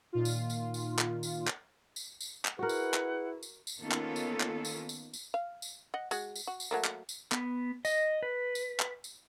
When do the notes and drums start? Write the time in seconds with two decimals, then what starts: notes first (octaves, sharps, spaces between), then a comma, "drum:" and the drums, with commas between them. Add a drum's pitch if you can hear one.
0.13 A#2 D#3 F4
0.25 drum: tambourine
0.50 drum: tambourine
0.74 drum: tambourine
0.98 drum: clap
1.23 drum: tambourine
1.47 drum: clap
1.96 drum: tambourine
2.21 drum: tambourine
2.45 drum: clap
2.59 E4 F#4 G#4 A#4 B4 F#5
2.69 drum: tambourine
2.94 drum: clap
3.43 drum: tambourine
3.67 drum: tambourine
3.80 D#3 A#3 B3 C#4 F4 A4
3.91 drum: clap
4.16 drum: tambourine
4.40 drum: clap
4.65 drum: tambourine
4.89 drum: tambourine
5.13 drum: tambourine
5.34 F5
5.62 drum: tambourine
5.94 D#5 F#5
6.11 G#3 F#4, drum: tambourine
6.36 drum: tambourine
6.47 F#4
6.60 drum: tambourine
6.71 F#3 A3 A#3
6.84 drum: clap
7.09 drum: tambourine
7.32 B3, drum: clap
7.85 D#5, drum: tambourine
8.23 B4
8.55 drum: tambourine
8.80 drum: clap
9.04 drum: tambourine